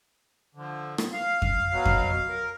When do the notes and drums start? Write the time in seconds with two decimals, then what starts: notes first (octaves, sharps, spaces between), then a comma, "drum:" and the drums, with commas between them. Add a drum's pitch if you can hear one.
0.55 D3 F3
0.98 drum: rim click
1.13 F5
1.42 drum: kick F2
1.71 B2 F#3
1.85 drum: kick F2
2.29 A#4